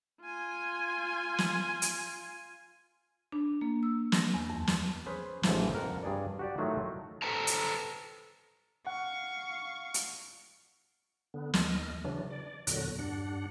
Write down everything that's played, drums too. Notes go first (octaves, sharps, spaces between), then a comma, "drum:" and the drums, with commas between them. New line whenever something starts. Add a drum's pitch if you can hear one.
F4 G#5
drum: snare
drum: hi-hat
D4
A#3
E6
A#6, drum: snare
E2
F2
drum: snare
C#4 G#4 B4 C5
A1 G#2 E3 F3 C5 A5, drum: snare
F2 A#4 F#5
G2 G#4 D5
F#4 G4 D5
A2 D#3 F#3 A3 F4 F#4
A4 B4 C5 G5 A5 A#5
drum: hi-hat
F5 F#5 C#6
drum: hi-hat
D3 B3
D#2 D#5 F6, drum: snare
C#3 E3 F#3 D4
D5
E2 A#2 D3 F#3 F#6 A#6, drum: hi-hat
G2 D4 F#5